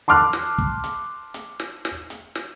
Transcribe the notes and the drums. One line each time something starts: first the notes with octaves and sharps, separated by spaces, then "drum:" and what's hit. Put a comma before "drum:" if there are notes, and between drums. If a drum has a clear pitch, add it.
A5 C6 D6 F6 F#6
drum: snare
drum: kick
drum: hi-hat
drum: hi-hat
drum: snare
drum: snare
drum: hi-hat
drum: snare